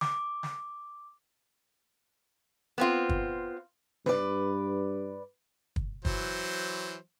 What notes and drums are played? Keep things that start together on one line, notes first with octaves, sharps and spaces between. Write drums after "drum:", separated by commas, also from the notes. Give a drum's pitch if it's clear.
D6, drum: snare
drum: snare
B3 C4 F4
drum: kick
G2 B4 D5, drum: snare
drum: kick
E3 F#3 C5, drum: kick